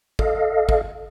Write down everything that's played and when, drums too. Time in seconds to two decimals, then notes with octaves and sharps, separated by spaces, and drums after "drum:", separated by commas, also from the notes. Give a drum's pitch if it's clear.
0.19 A4 D#5 F5, drum: kick
0.69 drum: kick